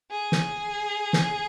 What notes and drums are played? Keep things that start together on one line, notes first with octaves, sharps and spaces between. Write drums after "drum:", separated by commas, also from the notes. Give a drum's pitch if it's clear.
G#4
drum: snare
drum: snare